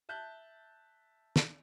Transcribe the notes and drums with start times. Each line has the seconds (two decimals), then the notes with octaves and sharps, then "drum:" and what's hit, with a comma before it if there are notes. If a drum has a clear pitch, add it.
0.09 E5 A5 F#6 G6
1.36 drum: snare